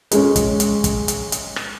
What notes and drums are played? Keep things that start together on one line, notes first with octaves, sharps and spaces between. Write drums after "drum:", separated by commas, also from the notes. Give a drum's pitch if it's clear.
G#3 C#4, drum: hi-hat
drum: kick, hi-hat
drum: hi-hat
drum: kick, hi-hat
drum: hi-hat
drum: hi-hat
drum: rim click